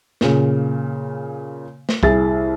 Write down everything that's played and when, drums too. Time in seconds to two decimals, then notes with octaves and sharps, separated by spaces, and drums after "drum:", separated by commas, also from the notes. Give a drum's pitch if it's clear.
0.21 A#2 C#3, drum: snare
1.89 drum: snare
2.03 C2 E4 G#4 A6, drum: kick